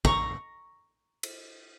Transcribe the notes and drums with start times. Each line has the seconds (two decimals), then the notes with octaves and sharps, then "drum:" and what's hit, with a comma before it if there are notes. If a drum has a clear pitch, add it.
0.05 A#5 C#6, drum: kick
1.23 drum: cymbal